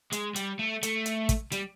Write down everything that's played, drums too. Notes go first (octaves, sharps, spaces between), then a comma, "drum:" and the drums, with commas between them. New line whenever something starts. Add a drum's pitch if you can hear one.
G#3, drum: hi-hat
G3, drum: hi-hat
A3
A3, drum: hi-hat
drum: hi-hat
drum: kick, hi-hat
G3, drum: hi-hat